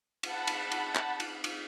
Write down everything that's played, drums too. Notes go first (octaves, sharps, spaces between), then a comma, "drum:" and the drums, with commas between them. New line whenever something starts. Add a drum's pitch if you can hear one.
F#5 A5 B5, drum: cymbal
drum: cymbal
drum: cymbal
drum: clap
drum: cymbal
drum: cymbal